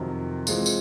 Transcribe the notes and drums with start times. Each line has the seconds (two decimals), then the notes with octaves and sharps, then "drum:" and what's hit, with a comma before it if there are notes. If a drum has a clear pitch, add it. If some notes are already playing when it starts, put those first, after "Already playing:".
Already playing: F2 C3 D#3 F#3
0.47 E3 G#3 C4 F4, drum: tambourine
0.66 drum: tambourine